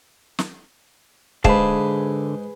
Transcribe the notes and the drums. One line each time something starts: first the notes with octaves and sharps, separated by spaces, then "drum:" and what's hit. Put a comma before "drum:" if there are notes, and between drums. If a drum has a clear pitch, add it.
drum: snare
G#2 D3 G#4 B4 F5 A5, drum: kick